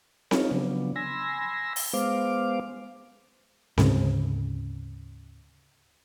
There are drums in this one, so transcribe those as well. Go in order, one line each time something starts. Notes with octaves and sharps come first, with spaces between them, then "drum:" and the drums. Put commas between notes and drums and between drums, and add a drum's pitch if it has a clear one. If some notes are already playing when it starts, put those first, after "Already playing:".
D#4 F4 C#5, drum: snare C4
C#3 F3 F#3 B3 D4
G#5 B5 C6 E6 A#6
drum: open hi-hat
G#3 B3 C5 F5 D6
D2 G#2 C#3, drum: snare C4